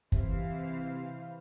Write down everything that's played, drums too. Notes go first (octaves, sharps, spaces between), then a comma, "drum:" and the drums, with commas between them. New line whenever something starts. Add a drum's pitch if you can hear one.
C3 E3 C5 F5, drum: kick